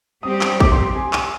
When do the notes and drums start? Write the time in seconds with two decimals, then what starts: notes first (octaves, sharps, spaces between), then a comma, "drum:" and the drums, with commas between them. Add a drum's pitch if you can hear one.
0.23 G3 C4 G4 D#6
0.41 drum: clap
0.60 D6, drum: kick
0.72 C6
0.95 G#5
1.13 drum: clap